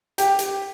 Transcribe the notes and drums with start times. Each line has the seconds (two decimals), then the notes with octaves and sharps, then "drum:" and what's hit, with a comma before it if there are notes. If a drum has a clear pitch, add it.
0.18 G4, drum: hi-hat
0.39 drum: hi-hat